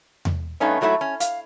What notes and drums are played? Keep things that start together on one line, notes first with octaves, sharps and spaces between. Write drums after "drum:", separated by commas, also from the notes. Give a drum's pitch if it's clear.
drum: tom E2
G2 A3 B3 C#4 D#4
G#2 F#3 A3 D#4 E4
C#4
F5, drum: hi-hat